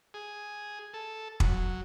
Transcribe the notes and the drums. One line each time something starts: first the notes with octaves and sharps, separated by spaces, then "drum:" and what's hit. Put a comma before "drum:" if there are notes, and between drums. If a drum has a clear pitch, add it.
G#4
A4
F#3, drum: kick